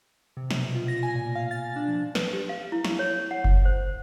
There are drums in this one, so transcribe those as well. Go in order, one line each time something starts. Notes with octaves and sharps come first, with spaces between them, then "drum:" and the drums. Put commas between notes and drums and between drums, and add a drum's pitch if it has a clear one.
C3
B2, drum: snare
F4
A#6
G#5
A#2
F5
A6
D4
F3
B4, drum: snare
G4
F5
E4
C#6, drum: snare
C#5
F#5
drum: kick F#1
C5